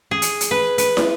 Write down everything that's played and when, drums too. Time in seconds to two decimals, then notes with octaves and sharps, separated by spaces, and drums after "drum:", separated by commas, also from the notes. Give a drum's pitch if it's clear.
0.11 G#4
0.22 drum: hi-hat
0.41 drum: hi-hat
0.51 B4
0.78 B4, drum: hi-hat
0.97 drum: snare